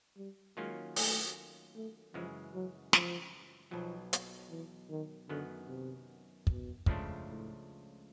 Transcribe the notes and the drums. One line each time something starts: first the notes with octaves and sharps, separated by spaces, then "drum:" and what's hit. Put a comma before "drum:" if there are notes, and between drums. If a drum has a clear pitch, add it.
G3
D#3 F#3 G#3 A#3 C#4 F4
A3, drum: open hi-hat
A3
F#2 C#3 E3 F3 G#3
F#3
F3, drum: snare
B1 B2 F3 F#3
drum: hi-hat
E3
D#3
F#2 D3 D#3 F#3 B3
C3
B2, drum: kick
C#2 C#3 F3 A3 D4, drum: kick
A2